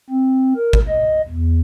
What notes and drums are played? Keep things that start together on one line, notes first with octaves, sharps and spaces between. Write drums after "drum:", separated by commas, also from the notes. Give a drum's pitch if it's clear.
C4
A#4
drum: kick G#1
D#5
E2